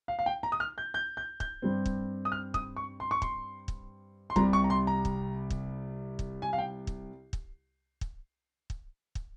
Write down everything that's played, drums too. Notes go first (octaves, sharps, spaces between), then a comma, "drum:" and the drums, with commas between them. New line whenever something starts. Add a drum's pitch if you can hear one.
F5
F5
G5
A#5
D#6
F6
G6
G6
G6
G6, drum: kick
G2 G3 C4
drum: kick
D#6
F6
D#6, drum: kick
C#6
C6
C#6
C6, drum: kick
drum: kick
C6
C2 C3 G3 A#5, drum: kick
C#6
A#5
C6
A#5
drum: kick
drum: kick
drum: kick
G#5
F5
G5
drum: kick
drum: kick
drum: kick
drum: kick
drum: kick